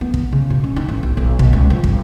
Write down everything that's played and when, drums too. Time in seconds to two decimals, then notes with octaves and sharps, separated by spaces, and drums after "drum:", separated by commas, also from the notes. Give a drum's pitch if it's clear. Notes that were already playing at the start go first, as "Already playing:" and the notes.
0.01 B3
0.14 drum: kick
0.32 C#3
0.50 B2
0.64 C#4
0.76 D#4
0.88 A1
1.03 B1
1.17 B1
1.39 B2, drum: kick
1.53 C#2
1.70 F3
1.84 G1, drum: kick